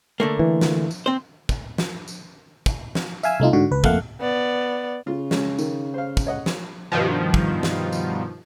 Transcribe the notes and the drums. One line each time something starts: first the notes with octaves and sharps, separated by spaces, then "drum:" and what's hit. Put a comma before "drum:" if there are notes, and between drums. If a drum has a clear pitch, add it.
D3 A3 A#3
E3
drum: snare
drum: tambourine
C4 C5
drum: kick, tambourine
drum: snare
drum: tambourine
drum: kick, tambourine
drum: snare
E5 F5 G#5 E6, drum: tambourine
C2 A3 D#4 F4
G#2 D3 F#4
C#2 B4
F2 A3 A#3 F5 F#5, drum: kick
B3 D5
C#3 F4
G#3 C#4, drum: snare
D#3, drum: tambourine
C5 F5
drum: kick, tambourine
C#5 D#5 F#5
drum: snare
G2 B2 D#3 F3
drum: kick
drum: snare
drum: tambourine